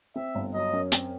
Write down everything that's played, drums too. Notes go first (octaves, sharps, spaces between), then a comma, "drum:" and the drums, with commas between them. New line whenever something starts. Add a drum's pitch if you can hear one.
C4 E5
G1
F#3 D#5
F#2
C4, drum: hi-hat